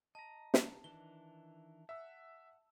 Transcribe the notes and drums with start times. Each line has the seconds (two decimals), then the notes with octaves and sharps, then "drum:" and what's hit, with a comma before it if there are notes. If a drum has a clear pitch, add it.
0.15 D#5 A5 A#5
0.54 drum: snare
0.84 D#3 E3 D4 G7
1.89 E5 F#5 E6